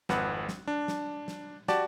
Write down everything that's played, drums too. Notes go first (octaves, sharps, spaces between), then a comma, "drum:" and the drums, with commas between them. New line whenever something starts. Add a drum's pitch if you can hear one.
G#1 F2 B4 F#5 F#6, drum: snare
drum: snare
D4
drum: snare
drum: snare
F#4 G4 D5 A5, drum: snare